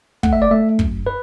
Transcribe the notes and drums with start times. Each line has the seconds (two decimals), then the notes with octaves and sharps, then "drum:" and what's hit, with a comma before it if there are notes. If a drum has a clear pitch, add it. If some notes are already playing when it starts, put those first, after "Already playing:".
0.23 A3 F#5, drum: kick
0.33 E5
0.42 D5
0.51 A3 E5
0.79 F#2, drum: kick
1.07 B4